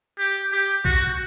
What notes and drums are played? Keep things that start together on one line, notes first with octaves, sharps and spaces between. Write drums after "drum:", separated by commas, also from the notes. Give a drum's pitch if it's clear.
G4
G4
F#4, drum: kick B1